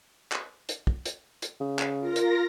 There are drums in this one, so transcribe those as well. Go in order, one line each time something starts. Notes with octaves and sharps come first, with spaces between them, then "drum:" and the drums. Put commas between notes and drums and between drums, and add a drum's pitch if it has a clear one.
drum: clap
drum: hi-hat
drum: kick
drum: hi-hat
drum: hi-hat
C#3
drum: clap
F4 A#4 A#6
drum: hi-hat